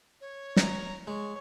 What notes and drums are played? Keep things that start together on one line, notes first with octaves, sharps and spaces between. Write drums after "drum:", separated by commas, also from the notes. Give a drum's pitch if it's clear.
C#5
A#5, drum: snare
G#3 C#5